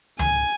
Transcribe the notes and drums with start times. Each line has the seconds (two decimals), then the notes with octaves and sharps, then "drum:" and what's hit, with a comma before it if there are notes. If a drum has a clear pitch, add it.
0.19 G#5, drum: tom C#2